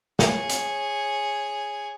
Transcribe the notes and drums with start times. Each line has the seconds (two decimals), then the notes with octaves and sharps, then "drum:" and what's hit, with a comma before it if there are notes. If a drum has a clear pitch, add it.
0.19 G#4 C#5, drum: snare
0.50 drum: hi-hat